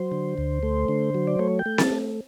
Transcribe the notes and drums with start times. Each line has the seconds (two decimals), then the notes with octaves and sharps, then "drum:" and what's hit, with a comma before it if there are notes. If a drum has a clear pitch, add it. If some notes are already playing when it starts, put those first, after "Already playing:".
Already playing: F#3 C5
0.12 D3
0.38 D2
0.63 A3
0.88 D3
1.15 F#3
1.27 D5
1.39 A3 C#5
1.59 G5
1.66 A3
1.78 A5, drum: snare C4
1.91 A3